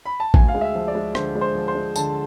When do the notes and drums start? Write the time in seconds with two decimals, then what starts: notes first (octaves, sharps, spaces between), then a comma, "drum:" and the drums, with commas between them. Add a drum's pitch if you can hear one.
0.06 B5
0.20 A5
0.34 D2 G#5, drum: kick
0.48 F5
0.54 G#3
0.61 E5
0.75 F3
0.88 D5
0.95 G#3
1.15 D3 C5, drum: rim click
1.35 G#3
1.41 C5
1.55 F3
1.68 C5
1.75 G#3
1.96 D3 A5, drum: tambourine